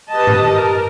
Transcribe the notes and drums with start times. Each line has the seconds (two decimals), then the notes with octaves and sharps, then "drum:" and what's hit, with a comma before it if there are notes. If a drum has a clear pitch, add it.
0.10 G4 B4 D#5 A5
0.27 drum: tom G2
0.51 A#4